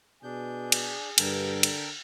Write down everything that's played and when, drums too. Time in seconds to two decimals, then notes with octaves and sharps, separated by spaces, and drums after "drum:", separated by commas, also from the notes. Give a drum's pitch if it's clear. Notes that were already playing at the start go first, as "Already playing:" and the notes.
0.23 B2 D4 G#4 G6
0.72 drum: cymbal
1.18 G2 D3 A4 A#4 G5, drum: cymbal
1.63 drum: cymbal